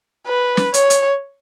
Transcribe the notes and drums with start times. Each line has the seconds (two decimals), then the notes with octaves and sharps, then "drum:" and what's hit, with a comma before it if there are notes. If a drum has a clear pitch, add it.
0.27 B4
0.57 drum: snare
0.74 C#5, drum: hi-hat
0.90 drum: hi-hat